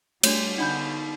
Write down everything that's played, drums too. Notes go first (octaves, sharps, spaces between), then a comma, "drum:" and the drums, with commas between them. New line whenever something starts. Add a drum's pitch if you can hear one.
G3 A3 D4 F#4 C#5, drum: cymbal
D3 B3 D4 D#4 F#5 B5 G6